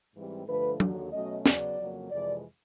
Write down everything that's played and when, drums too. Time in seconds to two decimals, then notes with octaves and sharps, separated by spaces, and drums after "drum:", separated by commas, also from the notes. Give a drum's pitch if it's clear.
0.14 G#2 E3 G3 C4
0.47 G2 D3 F3 A3 B4
0.80 D#2 D3 F#3, drum: tom
1.12 B2 F#3 A3 C#4 D#5
1.46 C#3 F#3 B3 D5, drum: snare
1.78 F2 C#3 F#3 A#3
2.11 F2 C3 E3 G#3 D5